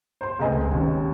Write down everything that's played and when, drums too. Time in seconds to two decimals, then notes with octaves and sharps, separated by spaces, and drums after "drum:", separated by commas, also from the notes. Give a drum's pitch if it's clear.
0.21 C5 C6
0.38 E1 C#2 A3 B4 D#5 G#5
0.53 drum: tom C#2
0.71 D#2 C#4, drum: kick E1